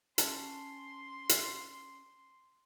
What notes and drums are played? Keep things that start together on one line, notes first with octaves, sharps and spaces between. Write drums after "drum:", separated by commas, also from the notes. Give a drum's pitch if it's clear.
C#4 A5 C6, drum: hi-hat
drum: hi-hat